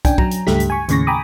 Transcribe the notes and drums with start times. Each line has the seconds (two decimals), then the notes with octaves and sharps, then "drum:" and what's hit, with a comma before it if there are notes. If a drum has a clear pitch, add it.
0.05 C#4 D4 G5 G#5, drum: kick, hi-hat
0.18 F#3 A#5, drum: kick
0.31 drum: hi-hat
0.47 C#2 G2 A3 G4 B6, drum: snare
0.60 drum: hi-hat
0.70 G#5 C#6
0.89 D#2 A2 C#3 C#6 A#6, drum: hi-hat
1.07 G5 G#5 A#5 B5 D6 D#6